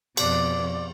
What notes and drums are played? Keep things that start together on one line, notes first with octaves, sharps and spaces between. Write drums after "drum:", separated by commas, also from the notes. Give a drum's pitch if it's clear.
F2 B2 D5, drum: cymbal